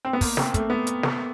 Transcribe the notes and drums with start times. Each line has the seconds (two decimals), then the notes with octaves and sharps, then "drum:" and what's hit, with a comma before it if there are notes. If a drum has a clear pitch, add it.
0.05 C4
0.13 B3
0.21 A#3, drum: kick, open hi-hat
0.37 C4, drum: snare
0.54 A3, drum: kick, hi-hat
0.70 B3
0.87 drum: hi-hat
1.03 drum: snare